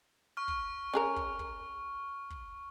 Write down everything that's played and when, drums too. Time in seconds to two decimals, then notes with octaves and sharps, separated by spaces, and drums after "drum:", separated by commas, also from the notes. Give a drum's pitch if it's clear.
0.37 C#6 F6
0.48 drum: kick
0.94 C#4 G#4 A#4
1.16 drum: kick
1.39 drum: kick
2.30 drum: kick